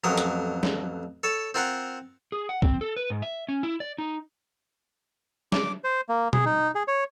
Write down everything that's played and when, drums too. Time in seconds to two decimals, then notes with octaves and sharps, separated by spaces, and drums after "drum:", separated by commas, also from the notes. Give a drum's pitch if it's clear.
0.04 A1 F2 F#3 A#4 D#6
0.18 drum: hi-hat
0.63 drum: snare
1.23 A4 C#5 A5
1.54 C4 F4 A#4 F5 F#5
2.32 G#4
2.49 F#5
2.62 C4, drum: kick
2.81 A4
2.97 B4
3.10 G#2
3.22 E5
3.49 C#4
3.63 E4
3.80 D5
3.98 D#4
5.52 D6, drum: snare
5.84 C5
6.09 A#3
6.33 G#4, drum: tom B2
6.45 D#4
6.75 G#4
6.88 C#5